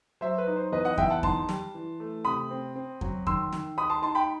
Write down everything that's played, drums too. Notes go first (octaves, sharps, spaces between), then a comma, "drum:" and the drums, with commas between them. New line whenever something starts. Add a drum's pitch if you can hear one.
F#3 C5 E5
B4
D#4
C5
E2 B4 D#5
D#5 F#5
E2 E5 G5, drum: kick F2
F#5 A5
D#4 A5 C6, drum: kick F2
G3, drum: snare
E3
A3
C3 B5 D#6
C4
C4
F#3, drum: kick F2
D#3 C6 E6, drum: kick F2
D#3, drum: snare
D#4 B5 D#6
A5 C6
D#4 A5 C6
G5 B5